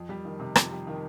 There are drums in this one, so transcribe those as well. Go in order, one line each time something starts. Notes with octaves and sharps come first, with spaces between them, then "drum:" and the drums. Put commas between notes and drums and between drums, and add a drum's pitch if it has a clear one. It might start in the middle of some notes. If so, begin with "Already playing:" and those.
Already playing: F2
G3
D#3
C3
F2, drum: rim click
G3
D#3